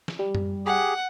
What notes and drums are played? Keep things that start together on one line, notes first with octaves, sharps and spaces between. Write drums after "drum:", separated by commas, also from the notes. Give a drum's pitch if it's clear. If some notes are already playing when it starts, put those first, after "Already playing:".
drum: snare
G3
drum: tom F#2
G4 G#4 F#5